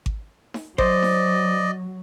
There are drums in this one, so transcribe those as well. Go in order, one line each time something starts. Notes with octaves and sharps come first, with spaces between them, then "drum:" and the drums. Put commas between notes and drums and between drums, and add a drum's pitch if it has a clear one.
drum: kick G#1
drum: snare D#4
F#3 C5 D5 D#5, drum: kick G#1
drum: snare D#4